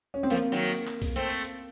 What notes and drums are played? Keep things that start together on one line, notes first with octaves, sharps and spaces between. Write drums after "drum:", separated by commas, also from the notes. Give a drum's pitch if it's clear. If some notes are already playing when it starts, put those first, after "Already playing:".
C#4
C4
F3 A3 A#3, drum: hi-hat
D#3 F#3
drum: open hi-hat
drum: clap
drum: kick B1, open hi-hat
A3 C4, drum: hi-hat
drum: hi-hat
drum: hi-hat